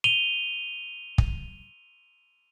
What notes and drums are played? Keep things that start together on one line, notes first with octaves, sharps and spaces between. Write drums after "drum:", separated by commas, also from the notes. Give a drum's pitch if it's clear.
D#7 F7 G7
drum: kick